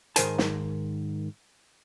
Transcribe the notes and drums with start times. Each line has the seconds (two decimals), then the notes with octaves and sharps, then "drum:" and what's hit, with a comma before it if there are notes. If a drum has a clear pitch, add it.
0.16 G#2 D#3 A#4 C5 G#5 A5, drum: hi-hat
0.38 drum: snare